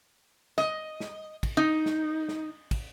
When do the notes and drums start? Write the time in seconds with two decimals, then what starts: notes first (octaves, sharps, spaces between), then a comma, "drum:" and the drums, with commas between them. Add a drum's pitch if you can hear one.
0.58 D#5, drum: snare
1.00 drum: snare
1.43 drum: kick, cymbal
1.57 D#4
1.86 drum: snare
2.28 drum: snare
2.71 drum: kick, cymbal